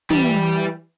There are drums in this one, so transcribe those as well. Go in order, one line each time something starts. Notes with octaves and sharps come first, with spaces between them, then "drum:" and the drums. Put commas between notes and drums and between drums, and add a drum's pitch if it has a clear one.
E3 G3, drum: tom